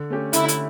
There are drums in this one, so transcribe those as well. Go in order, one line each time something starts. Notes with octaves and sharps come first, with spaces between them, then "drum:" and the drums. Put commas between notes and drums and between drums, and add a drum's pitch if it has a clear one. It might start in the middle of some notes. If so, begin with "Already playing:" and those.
Already playing: D3
A3 C#4 G4
D3 E4, drum: hi-hat
drum: hi-hat